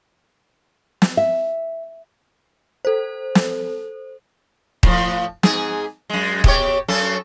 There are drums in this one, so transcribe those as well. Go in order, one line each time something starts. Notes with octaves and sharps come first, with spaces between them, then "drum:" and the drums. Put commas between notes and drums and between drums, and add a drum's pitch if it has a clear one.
drum: snare
E5
A4 C5
drum: snare
A2 F3, drum: kick
G#2 G#4, drum: snare
F#2 G#3
B2 G4 C#5, drum: kick
F#2 C#4 A4